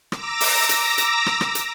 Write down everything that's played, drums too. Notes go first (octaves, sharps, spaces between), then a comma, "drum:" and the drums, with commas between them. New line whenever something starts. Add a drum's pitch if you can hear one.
A#5 D6 E6 A#6, drum: rim click
drum: open hi-hat
drum: hi-hat
drum: hi-hat
drum: rim click
drum: rim click
drum: hi-hat